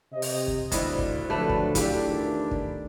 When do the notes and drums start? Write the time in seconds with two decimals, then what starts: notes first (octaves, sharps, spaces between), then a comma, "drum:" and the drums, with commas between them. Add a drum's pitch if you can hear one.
0.13 C3 D#5
0.22 drum: open hi-hat
0.48 drum: kick
0.72 D2 G2 D4 E4 C5, drum: kick, hi-hat
0.99 drum: kick
1.30 D3 F3 F#3 A3 D4 B4 D5
1.49 drum: kick
1.75 D4 E4 F4 G4, drum: kick, hi-hat
2.07 E2 D#3
2.51 drum: kick